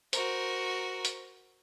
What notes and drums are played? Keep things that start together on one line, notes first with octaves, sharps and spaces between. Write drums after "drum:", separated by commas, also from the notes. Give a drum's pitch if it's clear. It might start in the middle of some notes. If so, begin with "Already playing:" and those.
F#4 A#4 C5, drum: hi-hat
drum: hi-hat